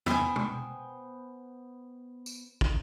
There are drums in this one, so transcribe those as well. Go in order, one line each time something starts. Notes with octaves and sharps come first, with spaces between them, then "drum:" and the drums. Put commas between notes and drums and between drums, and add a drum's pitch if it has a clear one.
B3 C5 G5 G#5, drum: tom
drum: tom
drum: tambourine
drum: kick